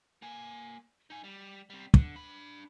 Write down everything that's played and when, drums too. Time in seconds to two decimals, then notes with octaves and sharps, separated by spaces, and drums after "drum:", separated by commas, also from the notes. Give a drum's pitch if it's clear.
0.22 A#3 G#5
1.10 D#4 G#5
1.24 G3
1.70 G3 C4
1.94 D3, drum: kick
2.16 D4 B5